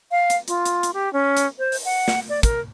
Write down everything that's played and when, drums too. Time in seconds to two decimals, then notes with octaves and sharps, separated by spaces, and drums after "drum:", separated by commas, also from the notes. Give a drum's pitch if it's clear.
0.11 F5
0.30 drum: hi-hat
0.48 F4, drum: hi-hat
0.65 drum: hi-hat
0.83 drum: hi-hat
0.93 G4
1.13 C#4
1.37 drum: hi-hat
1.59 C5
1.72 drum: open hi-hat
1.85 F#5
2.08 drum: snare
2.29 D5
2.43 A#4, drum: kick, hi-hat